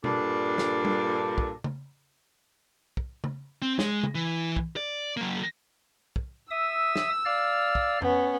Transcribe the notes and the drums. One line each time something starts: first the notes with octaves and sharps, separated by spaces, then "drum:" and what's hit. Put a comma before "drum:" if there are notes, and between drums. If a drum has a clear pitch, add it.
G2 A#2 D4 A4, drum: tom B2
drum: snare
drum: tom G3
drum: kick
drum: tom
drum: kick
drum: tom
C4
G#3, drum: snare
drum: tom
E3
drum: kick
D5
F#3 A#3
drum: kick
E5 D#6 E6
drum: snare
D5 F5 F6
drum: kick
B3 C#4, drum: tom F2